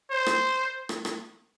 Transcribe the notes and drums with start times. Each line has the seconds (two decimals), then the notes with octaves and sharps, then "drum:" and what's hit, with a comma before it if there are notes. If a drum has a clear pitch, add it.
0.11 C5
0.26 drum: rim click
0.89 drum: rim click
1.05 drum: rim click